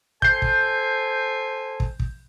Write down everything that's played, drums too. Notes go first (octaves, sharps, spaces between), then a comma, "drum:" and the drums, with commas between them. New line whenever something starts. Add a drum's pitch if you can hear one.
A4 C5 G#5 G6 C7, drum: kick
drum: kick
drum: kick
drum: kick